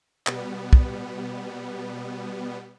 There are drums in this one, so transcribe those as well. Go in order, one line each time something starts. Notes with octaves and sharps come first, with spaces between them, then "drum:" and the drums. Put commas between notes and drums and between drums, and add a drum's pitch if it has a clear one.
B2 G3 B3, drum: clap
drum: kick